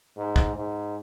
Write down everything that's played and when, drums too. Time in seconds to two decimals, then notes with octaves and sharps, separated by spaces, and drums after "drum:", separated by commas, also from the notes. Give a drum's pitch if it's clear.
0.16 G#2
0.36 drum: kick
0.55 G#2